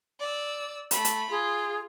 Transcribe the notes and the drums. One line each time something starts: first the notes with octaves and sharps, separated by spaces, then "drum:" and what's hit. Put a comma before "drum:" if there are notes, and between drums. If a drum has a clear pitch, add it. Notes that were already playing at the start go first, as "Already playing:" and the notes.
D5 E6
A3 B5, drum: hi-hat
drum: hi-hat
F4 G#4